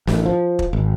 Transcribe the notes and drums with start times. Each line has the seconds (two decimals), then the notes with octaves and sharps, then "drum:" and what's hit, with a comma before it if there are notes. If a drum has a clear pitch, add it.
0.07 A1, drum: snare
0.26 F3
0.59 drum: kick
0.73 G#1